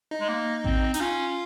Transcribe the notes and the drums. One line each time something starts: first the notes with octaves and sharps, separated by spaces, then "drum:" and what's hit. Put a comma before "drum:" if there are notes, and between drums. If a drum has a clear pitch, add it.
D#4
G#3
A#3
C4, drum: kick A1
D#4, drum: hi-hat
C#4 F4